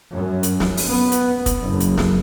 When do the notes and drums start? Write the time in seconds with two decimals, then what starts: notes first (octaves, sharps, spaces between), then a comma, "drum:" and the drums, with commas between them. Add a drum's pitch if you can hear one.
0.14 F#2
0.43 drum: hi-hat
0.60 drum: snare
0.77 drum: open hi-hat
0.90 B3
1.12 drum: hi-hat
1.46 drum: kick, hi-hat
1.63 F#1
1.80 drum: hi-hat
1.97 drum: snare